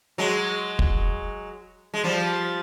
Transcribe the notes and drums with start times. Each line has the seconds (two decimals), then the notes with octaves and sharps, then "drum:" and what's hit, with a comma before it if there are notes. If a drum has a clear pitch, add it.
0.18 F#3 G#3
0.79 drum: kick
1.94 G#3
2.04 F3 G3